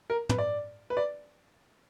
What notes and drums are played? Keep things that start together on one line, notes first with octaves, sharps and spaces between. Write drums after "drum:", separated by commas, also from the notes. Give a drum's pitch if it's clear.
A#4
B4, drum: tom
D5
B4
D5